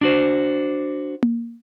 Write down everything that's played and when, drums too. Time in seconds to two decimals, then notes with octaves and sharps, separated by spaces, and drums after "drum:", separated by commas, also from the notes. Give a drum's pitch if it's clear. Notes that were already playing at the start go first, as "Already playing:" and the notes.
0.01 D4 F#4 C5
1.23 drum: tom A#3